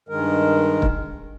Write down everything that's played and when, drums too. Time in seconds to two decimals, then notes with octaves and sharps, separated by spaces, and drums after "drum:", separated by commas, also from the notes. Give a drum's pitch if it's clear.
0.09 G2 D#3 G#3 A#4
0.82 drum: kick